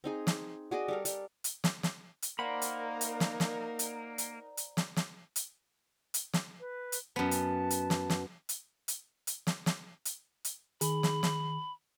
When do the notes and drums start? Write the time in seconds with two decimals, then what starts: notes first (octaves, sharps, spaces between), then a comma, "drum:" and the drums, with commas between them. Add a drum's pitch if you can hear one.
0.04 C4 D#4 G#4
0.27 drum: snare
0.71 F#4 G#4 D5 D#5
0.88 G3 A4 A#4
1.05 G3, drum: hi-hat
1.44 drum: hi-hat
1.64 drum: snare
1.83 drum: snare
2.22 drum: hi-hat
2.39 A#3 D#4 A#4 C5 D5 F#5 A#5 B5
2.62 drum: hi-hat
3.01 drum: hi-hat
3.20 drum: snare
3.40 drum: snare
3.79 drum: hi-hat
4.18 drum: hi-hat
4.57 drum: hi-hat
4.77 drum: snare
4.96 drum: snare
5.36 drum: hi-hat
6.14 drum: hi-hat
6.33 drum: snare
6.59 B4
6.92 drum: hi-hat
7.16 F#2 B3 A5
7.31 drum: hi-hat
7.70 drum: hi-hat
7.90 drum: snare
8.10 drum: snare
8.49 drum: hi-hat
8.88 drum: hi-hat
9.27 drum: hi-hat
9.47 drum: snare
9.66 drum: snare
10.05 drum: hi-hat
10.45 drum: hi-hat
10.81 D#3 G#4 B5, drum: hi-hat
11.03 drum: snare
11.23 drum: snare